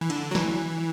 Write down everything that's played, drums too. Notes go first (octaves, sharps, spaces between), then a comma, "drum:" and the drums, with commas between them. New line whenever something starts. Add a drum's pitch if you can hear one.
E3
D3, drum: cymbal
F#3
E3, drum: snare